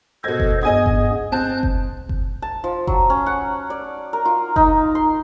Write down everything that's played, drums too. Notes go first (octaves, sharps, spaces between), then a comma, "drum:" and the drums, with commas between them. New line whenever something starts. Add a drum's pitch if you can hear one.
B2 A4 C5 D#5 G#6
drum: kick F#1
G2 B3 G#4 D#5 G#5 G#6
drum: kick F#1
C4 A5 F#6 G6
drum: kick F#1
drum: kick F#1
A5
F3
F#3, drum: kick F#1
C#4
F#5
D5
A#4
F4
D#4, drum: kick F#1
C6